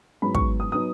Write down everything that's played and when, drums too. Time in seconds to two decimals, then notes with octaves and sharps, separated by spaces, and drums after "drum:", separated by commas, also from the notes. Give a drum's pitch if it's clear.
0.22 G#2 F#3 B3 D#4 B5
0.35 C#6, drum: kick
0.60 D#6
0.72 F#3 B3 D#4 D#6